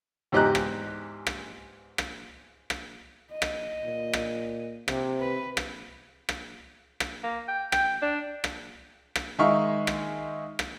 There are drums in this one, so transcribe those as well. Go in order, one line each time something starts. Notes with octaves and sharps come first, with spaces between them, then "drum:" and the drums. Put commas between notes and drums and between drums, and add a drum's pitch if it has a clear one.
E2 G#2 G4 D#5 A#5 F#6
drum: rim click
drum: rim click
drum: rim click
drum: rim click
D#5
drum: rim click
A#2
drum: rim click
C3, drum: rim click
B4
drum: rim click
drum: rim click
drum: rim click
A#3
G5
G5, drum: rim click
D4
drum: rim click
drum: rim click
D#3 G#3 D#4 E5 F5 C#6
drum: rim click
drum: rim click